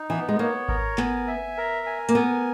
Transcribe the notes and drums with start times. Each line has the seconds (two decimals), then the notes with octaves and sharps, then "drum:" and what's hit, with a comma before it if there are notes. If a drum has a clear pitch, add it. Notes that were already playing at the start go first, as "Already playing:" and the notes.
Already playing: D#4
0.10 E3 B3
0.29 G#3
0.39 A#3 C#5
0.68 A#4, drum: kick G#1
0.98 B3 G#5, drum: clap
1.27 E5
1.57 A#4
1.86 G#5
2.09 A#3, drum: hi-hat
2.15 B3 A#4